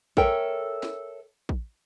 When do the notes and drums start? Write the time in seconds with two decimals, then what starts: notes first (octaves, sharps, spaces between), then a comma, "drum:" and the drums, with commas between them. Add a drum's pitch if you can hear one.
0.17 A4 A#4 C#5 E5 G5, drum: kick
0.83 drum: snare
1.49 drum: kick